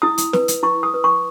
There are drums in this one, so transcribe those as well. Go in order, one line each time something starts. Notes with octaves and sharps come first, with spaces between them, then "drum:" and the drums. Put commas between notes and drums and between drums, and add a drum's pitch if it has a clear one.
E4 D#6
drum: hi-hat
B4, drum: snare
drum: hi-hat
E4 C#6
D#6
B4
C#6